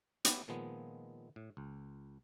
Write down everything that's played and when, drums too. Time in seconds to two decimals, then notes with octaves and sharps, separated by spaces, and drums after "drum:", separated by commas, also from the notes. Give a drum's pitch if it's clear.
0.25 B3 E4 G4 B4 C#5, drum: hi-hat
0.48 A#2 D#3 F3 G#3 B3
1.36 A2
1.57 C#2